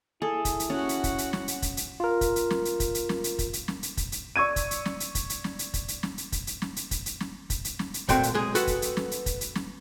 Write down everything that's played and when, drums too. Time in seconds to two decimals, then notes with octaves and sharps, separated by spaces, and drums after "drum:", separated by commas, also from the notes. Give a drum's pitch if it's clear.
0.22 E4 G#4 A4
0.45 drum: kick, hi-hat
0.60 drum: hi-hat
0.70 C#4 F#4 F#5
0.89 drum: hi-hat
1.04 drum: kick, hi-hat
1.18 drum: hi-hat
1.33 drum: snare
1.48 drum: hi-hat
1.62 drum: kick, hi-hat
1.77 drum: hi-hat
2.00 F4 A#4
2.21 drum: kick, hi-hat
2.36 drum: hi-hat
2.50 drum: snare
2.65 drum: hi-hat
2.80 drum: kick, hi-hat
2.95 drum: hi-hat
3.09 drum: snare
3.24 drum: hi-hat
3.39 drum: kick, hi-hat
3.53 drum: hi-hat
3.68 drum: snare
3.83 drum: hi-hat
3.97 drum: kick, hi-hat
4.12 drum: hi-hat
4.36 D5 C#6 E6 G#6 D#7
4.56 drum: kick, hi-hat
4.71 drum: hi-hat
4.85 drum: snare
5.00 drum: hi-hat
5.15 drum: kick, hi-hat
5.30 drum: hi-hat
5.44 drum: snare
5.59 drum: hi-hat
5.74 drum: kick, hi-hat
5.88 drum: hi-hat
6.03 drum: snare
6.18 drum: hi-hat
6.32 drum: kick, hi-hat
6.47 drum: hi-hat
6.62 drum: snare
6.76 drum: hi-hat
6.91 drum: kick, hi-hat
7.06 drum: hi-hat
7.20 drum: snare
7.50 drum: kick, hi-hat
7.65 drum: hi-hat
7.79 drum: snare
7.94 drum: hi-hat
8.09 A#2 A3 C4 F#4 G5 C6, drum: kick, hi-hat
8.23 drum: hi-hat
8.34 B1 G#3 G#4
8.55 F#4 A4 B4, drum: hi-hat
8.67 drum: kick, hi-hat
8.82 drum: hi-hat
8.97 drum: snare
9.11 drum: hi-hat
9.26 drum: kick, hi-hat
9.41 drum: hi-hat
9.55 drum: snare